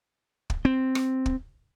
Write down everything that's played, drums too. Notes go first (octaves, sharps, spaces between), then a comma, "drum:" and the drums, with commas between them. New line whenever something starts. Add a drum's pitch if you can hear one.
drum: kick
C4
drum: rim click
drum: kick